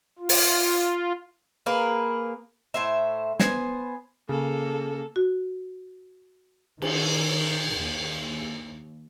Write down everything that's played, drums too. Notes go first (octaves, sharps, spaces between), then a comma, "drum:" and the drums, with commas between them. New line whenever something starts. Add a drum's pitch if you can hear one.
F4
drum: open hi-hat
A#3 G#4 A#4 B4
A2 C5 E5
B3 C5 G#5, drum: snare
C#3 A#3 A4
F#4
D#3, drum: cymbal
D#2